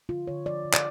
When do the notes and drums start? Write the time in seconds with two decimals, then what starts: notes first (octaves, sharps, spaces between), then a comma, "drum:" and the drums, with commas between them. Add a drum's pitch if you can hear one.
0.09 D3 F4
0.27 D3 C#5
0.46 F3 D5
0.65 D3
0.73 D5, drum: clap